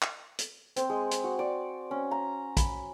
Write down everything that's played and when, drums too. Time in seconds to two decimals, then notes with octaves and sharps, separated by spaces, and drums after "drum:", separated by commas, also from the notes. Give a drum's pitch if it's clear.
0.02 drum: clap
0.39 drum: hi-hat
0.76 C4, drum: hi-hat
0.90 G#3
1.11 drum: hi-hat
1.24 F#4
1.39 D5
1.91 C#4
2.11 A#5
2.57 B5, drum: kick, hi-hat